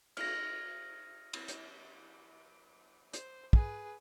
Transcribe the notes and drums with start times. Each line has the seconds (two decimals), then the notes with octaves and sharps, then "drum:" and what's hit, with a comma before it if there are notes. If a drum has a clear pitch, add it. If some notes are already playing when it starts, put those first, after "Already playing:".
0.17 F6 A#6, drum: cymbal
1.33 drum: cymbal
1.48 drum: hi-hat
3.13 C5, drum: hi-hat
3.53 G#4 B4, drum: kick